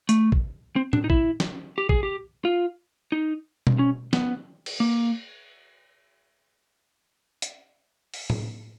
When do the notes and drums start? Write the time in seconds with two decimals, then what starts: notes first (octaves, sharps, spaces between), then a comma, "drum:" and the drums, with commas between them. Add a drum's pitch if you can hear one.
0.09 A3, drum: hi-hat
0.32 drum: kick
0.76 C4
0.93 D4, drum: tom A2
1.04 D#4
1.10 E4, drum: kick
1.40 drum: snare
1.78 G4
1.89 G#4, drum: kick
2.03 G4
2.45 F4
3.12 D#4
3.67 drum: tom B2
3.79 C#4
4.13 B3, drum: snare
4.66 drum: cymbal
4.80 A#3
7.42 drum: hi-hat
8.14 drum: open hi-hat
8.30 drum: tom A2